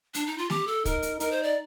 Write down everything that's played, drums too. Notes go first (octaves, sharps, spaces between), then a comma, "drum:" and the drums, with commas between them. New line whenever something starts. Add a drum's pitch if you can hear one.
D4, drum: hi-hat
D#4
F4
G4, drum: snare
A4
D#4 A#4, drum: kick, hi-hat
drum: hi-hat
D#4 A#4, drum: hi-hat
C5
D5